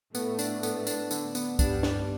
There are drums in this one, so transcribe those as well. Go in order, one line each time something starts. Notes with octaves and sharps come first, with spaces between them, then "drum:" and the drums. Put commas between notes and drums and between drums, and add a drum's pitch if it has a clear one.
A2 A3 B3, drum: tambourine
D4, drum: tambourine
B3, drum: tambourine
D4, drum: tambourine
D3, drum: tambourine
B3, drum: tambourine
G2 G3 D4, drum: kick C2, tambourine
D4, drum: snare